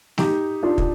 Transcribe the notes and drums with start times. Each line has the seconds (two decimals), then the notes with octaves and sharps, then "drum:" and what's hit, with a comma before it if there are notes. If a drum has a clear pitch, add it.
0.18 D#4 G4, drum: snare A3
0.63 D4 F4
0.78 drum: kick